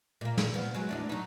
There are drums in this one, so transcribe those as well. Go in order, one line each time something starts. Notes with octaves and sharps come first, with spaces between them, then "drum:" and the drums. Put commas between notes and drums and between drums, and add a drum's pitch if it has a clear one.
A#2 A#3
drum: snare
F3 B3
F#3 G#3
E2 D4 D#4
F#3 D#4